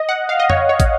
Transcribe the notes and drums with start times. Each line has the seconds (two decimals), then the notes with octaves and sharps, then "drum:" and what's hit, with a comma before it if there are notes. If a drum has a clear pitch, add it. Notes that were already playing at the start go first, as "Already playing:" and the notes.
Already playing: D#5
0.09 F#5
0.29 F5
0.39 D#5
0.50 C#5, drum: tom F2
0.69 C#5
0.80 drum: kick, hi-hat